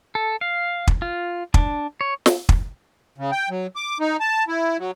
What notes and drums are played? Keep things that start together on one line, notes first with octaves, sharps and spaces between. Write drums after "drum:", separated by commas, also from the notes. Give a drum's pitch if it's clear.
A4
F5
drum: kick
F4
D4, drum: kick
C#5
drum: snare
drum: kick
C#3
G5
F#3
D6
D#4
A5
E4
F#3